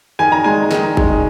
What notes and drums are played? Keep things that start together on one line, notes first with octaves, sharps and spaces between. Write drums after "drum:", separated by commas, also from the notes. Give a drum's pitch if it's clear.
D#3 G#5
A#5
G#3 G#5
D#3, drum: snare
G#3, drum: kick